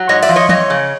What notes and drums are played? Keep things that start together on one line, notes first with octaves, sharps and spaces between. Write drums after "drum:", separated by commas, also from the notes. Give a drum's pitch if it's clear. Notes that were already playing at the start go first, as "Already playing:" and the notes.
Already playing: F#3
G#2 C#5 D#5
D5 E5, drum: cymbal
F3
C#5 D#5
F2 C#5 D#5, drum: tom E3
C#3